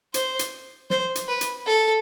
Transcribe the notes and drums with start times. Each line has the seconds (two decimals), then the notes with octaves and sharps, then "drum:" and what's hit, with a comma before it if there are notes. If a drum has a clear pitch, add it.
0.14 C5, drum: hi-hat
0.39 drum: hi-hat
0.90 C5, drum: snare
1.15 drum: hi-hat
1.28 B4
1.41 drum: hi-hat
1.67 A4